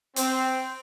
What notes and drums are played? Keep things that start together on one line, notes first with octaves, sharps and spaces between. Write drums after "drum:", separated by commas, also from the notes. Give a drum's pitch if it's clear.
C4, drum: hi-hat